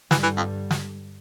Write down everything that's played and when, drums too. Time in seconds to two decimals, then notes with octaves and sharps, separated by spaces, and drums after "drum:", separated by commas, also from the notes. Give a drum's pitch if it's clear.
0.11 G2 D3 E3 G3, drum: snare
0.23 E3
0.37 F2
0.71 drum: snare